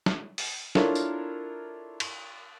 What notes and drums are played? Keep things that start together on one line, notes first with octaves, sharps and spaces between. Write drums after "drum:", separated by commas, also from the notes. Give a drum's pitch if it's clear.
drum: snare
drum: open hi-hat
D4 E4 F4 A4 A#4 C#5, drum: snare
drum: tambourine
drum: cymbal